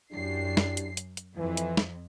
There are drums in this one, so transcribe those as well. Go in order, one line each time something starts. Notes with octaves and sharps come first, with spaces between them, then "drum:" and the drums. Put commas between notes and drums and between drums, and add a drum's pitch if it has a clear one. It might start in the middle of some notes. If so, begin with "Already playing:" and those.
F#2 D4 E4 G4 C7
drum: snare
drum: hi-hat
drum: hi-hat
drum: hi-hat
F2 E3
drum: hi-hat
drum: snare